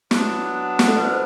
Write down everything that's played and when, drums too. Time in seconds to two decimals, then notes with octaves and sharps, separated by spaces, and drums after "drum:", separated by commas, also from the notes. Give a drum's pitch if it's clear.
0.11 F#3 B3 D4 G4, drum: snare
0.79 G4, drum: snare
0.88 A4
0.97 B4
1.05 C5